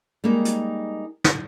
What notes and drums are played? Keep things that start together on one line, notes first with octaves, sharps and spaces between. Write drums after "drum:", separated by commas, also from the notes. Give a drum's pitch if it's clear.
G3 G#3 A#3 D#4
drum: hi-hat
drum: snare